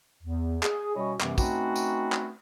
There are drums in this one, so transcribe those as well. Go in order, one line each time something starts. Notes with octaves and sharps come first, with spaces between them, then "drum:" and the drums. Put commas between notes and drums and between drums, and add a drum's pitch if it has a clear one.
E2
G#4, drum: clap
B2 G3 C#4 E4 C#5 D#5
F#2 C3 E3 G3 B3 D6, drum: clap
A3 C4 C#4 D#4 F#4 B4, drum: kick, tambourine
drum: tambourine
drum: clap